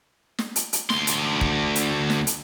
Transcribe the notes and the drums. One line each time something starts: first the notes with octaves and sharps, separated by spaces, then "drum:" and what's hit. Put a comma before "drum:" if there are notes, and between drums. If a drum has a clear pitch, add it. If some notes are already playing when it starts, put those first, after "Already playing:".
drum: snare
drum: hi-hat
drum: hi-hat
D2 C6, drum: snare
drum: hi-hat
drum: kick
drum: hi-hat
drum: snare
drum: hi-hat